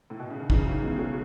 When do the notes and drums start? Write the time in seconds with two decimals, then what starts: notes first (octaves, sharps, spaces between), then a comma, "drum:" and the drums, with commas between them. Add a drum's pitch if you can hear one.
0.10 A2
0.20 B2
0.30 C#3
0.39 D#3
0.50 C#3 E3 D#4, drum: kick
0.66 D#3 F#3
0.82 B2 E3 G#3
0.98 F#3 A3